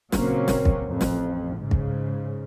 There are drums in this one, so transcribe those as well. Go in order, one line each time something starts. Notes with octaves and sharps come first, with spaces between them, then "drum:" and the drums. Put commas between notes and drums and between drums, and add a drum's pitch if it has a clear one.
A#2 C#3 F#3 A#3 C4 C#4, drum: snare
drum: snare
drum: kick
A1 F2
drum: snare
G#2 C#3
drum: kick